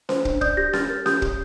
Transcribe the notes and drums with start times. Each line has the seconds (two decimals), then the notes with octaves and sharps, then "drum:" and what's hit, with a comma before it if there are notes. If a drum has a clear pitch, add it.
0.09 C5, drum: snare C#4
0.25 D4, drum: kick
0.41 D5 D#6 G6, drum: kick
0.57 G4 G6 A#6
0.73 G4 F6 A6, drum: snare C#4
0.90 A#4
1.06 G4 D#6 G6, drum: snare C#4
1.22 G4, drum: kick